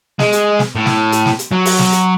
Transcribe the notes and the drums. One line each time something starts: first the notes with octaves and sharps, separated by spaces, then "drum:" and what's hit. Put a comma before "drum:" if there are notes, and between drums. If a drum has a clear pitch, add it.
G#3, drum: snare
drum: hi-hat
drum: snare
A2
drum: snare
drum: hi-hat
drum: snare
drum: hi-hat
F#3
drum: open hi-hat
drum: snare
drum: hi-hat